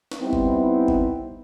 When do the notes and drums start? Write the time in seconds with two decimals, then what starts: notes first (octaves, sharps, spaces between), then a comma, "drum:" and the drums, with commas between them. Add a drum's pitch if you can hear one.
0.12 drum: snare
0.22 G3 B3 C4 D#4 E4
0.33 drum: kick G1
0.88 drum: kick G1